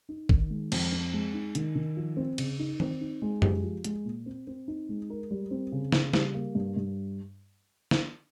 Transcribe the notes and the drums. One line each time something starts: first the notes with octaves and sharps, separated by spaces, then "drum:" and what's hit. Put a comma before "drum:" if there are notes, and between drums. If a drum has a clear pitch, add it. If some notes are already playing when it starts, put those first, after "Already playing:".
D#4
D#3, drum: kick A#1
G#3
F2, drum: cymbal
C4
G#3
D#4
D#3, drum: hi-hat
D#3
F3
C4
C#3, drum: cymbal
D#4
C4, drum: tom D#3
D#4
G#3
G4, drum: tom F#2
F3
G#3, drum: hi-hat
A#2
C4
C4
D#4
G#3
A#4
G3
C4
C#3
C#3, drum: snare
G3, drum: snare
A#3
G2
G2
drum: snare